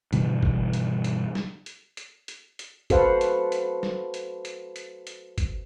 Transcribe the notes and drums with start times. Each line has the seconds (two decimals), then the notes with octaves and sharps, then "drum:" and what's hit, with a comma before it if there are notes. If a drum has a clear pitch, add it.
0.13 G2 B2 D3 E3, drum: hi-hat
0.43 drum: kick G1
0.73 drum: hi-hat
1.04 drum: hi-hat
1.35 drum: snare
1.66 drum: hi-hat
1.97 drum: hi-hat
2.28 drum: hi-hat
2.59 drum: hi-hat
2.90 F#4 A4 B4 C5 F5 F#5, drum: kick G1, hi-hat
3.21 drum: hi-hat
3.52 drum: hi-hat
3.83 drum: snare
4.14 drum: hi-hat
4.45 drum: hi-hat
4.76 drum: hi-hat
5.07 drum: hi-hat
5.38 drum: kick G1, hi-hat